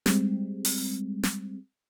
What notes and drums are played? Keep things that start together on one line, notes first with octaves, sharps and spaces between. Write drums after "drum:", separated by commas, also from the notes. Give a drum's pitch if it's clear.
G3 G#3 C4, drum: snare
drum: open hi-hat
drum: snare